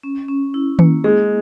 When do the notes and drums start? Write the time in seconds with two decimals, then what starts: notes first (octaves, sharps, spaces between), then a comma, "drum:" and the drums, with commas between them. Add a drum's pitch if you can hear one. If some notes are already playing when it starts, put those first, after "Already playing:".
0.03 C#4
0.28 C#4
0.54 E4
0.79 A#3, drum: tom D#3
1.04 G#3 G#4